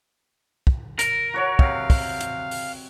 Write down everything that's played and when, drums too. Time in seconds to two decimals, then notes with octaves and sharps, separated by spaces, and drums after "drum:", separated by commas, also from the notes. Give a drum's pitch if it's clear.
0.67 drum: kick
0.99 A#4, drum: hi-hat
1.34 F#4 C#5 F#5
1.59 C3 F5, drum: kick
1.90 drum: kick, open hi-hat
2.21 drum: hi-hat
2.51 drum: open hi-hat